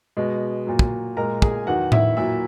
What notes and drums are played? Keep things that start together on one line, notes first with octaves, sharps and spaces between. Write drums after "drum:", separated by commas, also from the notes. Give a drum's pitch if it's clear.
B2 G#3
A#2 F#3
drum: kick
A#2 G#3 A#4 A#5
G#4 G#5, drum: kick
E2 D#3 F#3 F#4 F#5
E4 E5, drum: tom A2
A#2 F#3 E4 E5